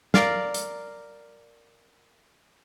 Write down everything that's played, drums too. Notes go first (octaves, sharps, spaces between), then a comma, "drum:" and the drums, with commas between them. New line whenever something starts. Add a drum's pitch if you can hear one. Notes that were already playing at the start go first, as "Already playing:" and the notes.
A#4 D5 F5, drum: snare
drum: hi-hat